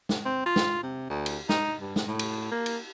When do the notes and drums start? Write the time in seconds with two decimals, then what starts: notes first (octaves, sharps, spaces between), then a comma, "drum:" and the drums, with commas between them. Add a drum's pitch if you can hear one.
0.09 drum: snare
0.25 C4
0.46 F4
0.56 drum: snare
0.83 C3
1.10 D2
1.26 drum: cymbal
1.49 D#4, drum: snare
1.81 G2
1.96 drum: snare
2.08 A2
2.19 drum: cymbal
2.51 A#3
2.66 drum: cymbal